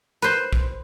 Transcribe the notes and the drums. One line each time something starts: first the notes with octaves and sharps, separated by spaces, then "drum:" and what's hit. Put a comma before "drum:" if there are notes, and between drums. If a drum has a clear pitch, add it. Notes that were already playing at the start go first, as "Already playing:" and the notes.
B4 C5
drum: kick